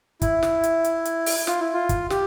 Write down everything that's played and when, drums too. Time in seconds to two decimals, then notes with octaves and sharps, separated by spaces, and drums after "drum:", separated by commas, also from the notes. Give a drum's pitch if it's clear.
0.22 E4, drum: kick, hi-hat
0.43 drum: snare
0.64 drum: hi-hat
0.84 drum: hi-hat
1.05 drum: hi-hat
1.26 drum: open hi-hat
1.47 F4, drum: snare
1.60 E4
1.73 F4
1.89 drum: kick, hi-hat
2.10 G4, drum: snare